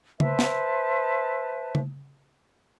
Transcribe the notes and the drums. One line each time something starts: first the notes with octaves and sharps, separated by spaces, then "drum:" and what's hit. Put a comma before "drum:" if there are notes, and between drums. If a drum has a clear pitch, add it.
B4 C5 E5 A5, drum: tom C#3
drum: snare
drum: tom C#3